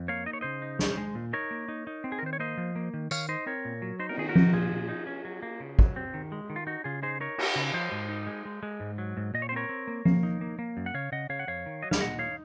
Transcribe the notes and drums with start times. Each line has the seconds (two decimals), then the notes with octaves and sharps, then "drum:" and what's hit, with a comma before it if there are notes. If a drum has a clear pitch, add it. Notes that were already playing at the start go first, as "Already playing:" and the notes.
Already playing: F2
0.08 A#3 C#5 F5
0.26 D#4 D#5
0.33 C#5
0.41 C#3 C5 D#5
0.62 D#4
0.79 C#4, drum: snare
0.97 G#3
1.15 A#2
1.33 D#4 A#4 C#5
1.51 A#3
1.68 D#4
1.87 D#4
2.04 C4
2.12 G#4
2.19 A#4
2.23 D#3 C5
2.33 C#5
2.40 A#3 C5 D#5
2.58 F3
2.76 A#3
2.94 D#3
3.11 D#3 C#5 F5, drum: tambourine
3.29 D#4 C5 D#5
3.46 C4 A#4 C#5
3.65 A#2
3.82 F#3
4.00 D#4 C5
4.09 A#4, drum: cymbal
4.18 D#3 G#4
4.29 F#4 A#4
4.35 D#4, drum: tom F3
4.53 A#2 F4 G#4
4.72 A#2
4.89 D#4
5.07 C#4
5.25 F#3
5.43 A#3
5.60 C#3
5.79 F#3, drum: kick
5.96 C4
6.14 D#3
6.32 G#3
6.50 D#3
6.56 F4
6.67 D#4 F#4
6.84 C#3 F4 G#4
7.03 D#4 G#4 C5
7.20 D#4 A#4 C#5
7.38 D#4, drum: cymbal
7.55 C#3
7.73 F3 C5 D#5
7.92 G#2
8.09 D#4
8.27 G#3
8.45 G#3
8.63 G#3
8.80 G#2
8.98 F#3
9.17 G#2
9.34 A#2 D#5
9.42 C#5
9.49 C5
9.52 C4 A#4 C#5
9.69 C4
9.87 A#3
10.05 A#3, drum: tom F3
10.23 D#4
10.41 A#3
10.59 A#3
10.77 F#2
10.86 F#5
10.94 C#3 C#5 F5
11.12 C#3 D#5 F#5
11.29 C#3 C#5 F5
11.39 F#5
11.47 F2 C#5 F5
11.66 D#3
11.83 F#3 D#5
11.91 F5, drum: snare
12.01 A#2 D#5 F#5
12.18 D#4 C#5 F5